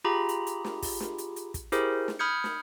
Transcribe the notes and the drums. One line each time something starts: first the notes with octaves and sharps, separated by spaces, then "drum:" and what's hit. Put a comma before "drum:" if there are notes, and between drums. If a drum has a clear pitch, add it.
F4 G4 G#4 A#5 B5
drum: hi-hat
drum: hi-hat
drum: snare
drum: kick, open hi-hat
drum: snare
drum: hi-hat
drum: hi-hat
drum: kick, hi-hat
E4 G4 G#4 A#4 C5, drum: hi-hat
drum: snare
B5 D#6 F6 G6 G#6 C#7
drum: snare